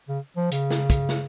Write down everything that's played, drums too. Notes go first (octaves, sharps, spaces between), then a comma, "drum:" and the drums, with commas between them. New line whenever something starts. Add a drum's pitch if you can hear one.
C#3
F3
C#3, drum: hi-hat
drum: snare
drum: kick, hi-hat
drum: snare